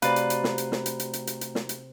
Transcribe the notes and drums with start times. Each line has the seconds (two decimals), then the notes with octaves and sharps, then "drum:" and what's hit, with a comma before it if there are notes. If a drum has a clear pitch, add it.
0.02 C3 A3 F#4 B4 D5 F5 A#5, drum: hi-hat
0.16 drum: hi-hat
0.30 drum: hi-hat
0.44 drum: snare
0.58 drum: hi-hat
0.72 drum: snare
0.86 drum: hi-hat
1.00 drum: hi-hat
1.13 drum: hi-hat
1.27 drum: hi-hat
1.41 drum: hi-hat
1.55 drum: snare
1.69 drum: hi-hat